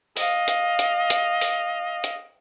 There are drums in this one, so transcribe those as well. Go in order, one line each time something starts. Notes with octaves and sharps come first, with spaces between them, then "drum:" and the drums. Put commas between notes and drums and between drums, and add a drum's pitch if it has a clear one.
D#5 F5, drum: open hi-hat
drum: hi-hat
drum: hi-hat
drum: hi-hat
drum: open hi-hat
drum: hi-hat